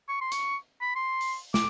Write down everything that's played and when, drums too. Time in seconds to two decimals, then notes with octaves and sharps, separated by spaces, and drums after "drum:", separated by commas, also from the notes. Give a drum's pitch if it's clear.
0.09 C#6
0.21 C6
0.32 C#6, drum: hi-hat
0.81 B5
0.96 C6
1.21 drum: open hi-hat
1.54 D6, drum: snare